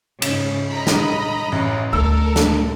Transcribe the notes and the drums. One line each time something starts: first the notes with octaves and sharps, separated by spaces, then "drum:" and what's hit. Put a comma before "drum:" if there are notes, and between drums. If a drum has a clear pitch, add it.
G#2 C#3 E7, drum: cymbal
D#5 A#5 B5
drum: snare
A1
D2 A3 A4 A#4 E6
drum: snare